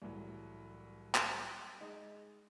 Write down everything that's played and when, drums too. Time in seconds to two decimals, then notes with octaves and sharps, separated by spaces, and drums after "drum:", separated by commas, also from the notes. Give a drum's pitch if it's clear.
0.02 C2 A2 E3 F#3
1.15 drum: clap
1.81 G#3 D#4